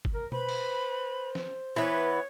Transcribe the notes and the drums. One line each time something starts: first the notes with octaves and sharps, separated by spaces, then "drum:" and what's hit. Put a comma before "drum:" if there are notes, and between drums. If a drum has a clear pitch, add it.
drum: kick
A#4
B4 C5 B5, drum: tom B2
drum: cymbal
drum: snare
E3 B3 B4 C#5